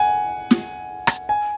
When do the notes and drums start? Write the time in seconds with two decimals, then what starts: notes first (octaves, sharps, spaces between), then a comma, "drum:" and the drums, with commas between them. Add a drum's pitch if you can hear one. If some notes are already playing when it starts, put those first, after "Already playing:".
Already playing: F#5 G#5
0.51 drum: snare
1.07 drum: rim click
1.29 G#5